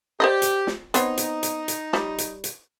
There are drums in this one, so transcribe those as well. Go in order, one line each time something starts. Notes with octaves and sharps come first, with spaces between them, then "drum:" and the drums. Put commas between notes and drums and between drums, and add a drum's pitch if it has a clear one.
G4 C5 D5 D#5
drum: hi-hat
drum: snare
B3 C4 D#4 C#5, drum: hi-hat
drum: hi-hat
drum: hi-hat
drum: hi-hat
G3 C#5, drum: snare
drum: hi-hat
drum: hi-hat